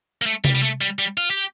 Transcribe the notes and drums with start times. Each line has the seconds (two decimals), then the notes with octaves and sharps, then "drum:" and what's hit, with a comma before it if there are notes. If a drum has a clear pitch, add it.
0.22 A#3
0.26 A3
0.45 G3, drum: tom C3
0.55 G3
0.63 A3
0.81 G3
0.99 G3
1.17 F4
1.30 G4